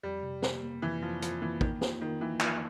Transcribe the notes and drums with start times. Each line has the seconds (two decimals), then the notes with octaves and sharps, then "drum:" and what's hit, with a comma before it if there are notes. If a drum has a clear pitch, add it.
0.03 F2 G3
0.23 C3
0.42 A#3, drum: snare
0.62 A#3
0.82 F2 E3
1.02 F2 F3
1.22 F2 F3, drum: hi-hat
1.42 E3 A#3
1.61 D#3 A#3, drum: kick
1.81 F4, drum: snare
2.01 D#3 A#3
2.21 E3 A#3
2.40 F3 A#3, drum: clap